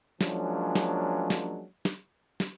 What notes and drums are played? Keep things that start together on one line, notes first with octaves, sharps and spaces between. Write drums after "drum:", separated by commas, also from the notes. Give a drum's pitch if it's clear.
F3 F#3 G#3 A#3 C#4 D4, drum: snare
drum: snare
drum: snare
drum: snare
drum: snare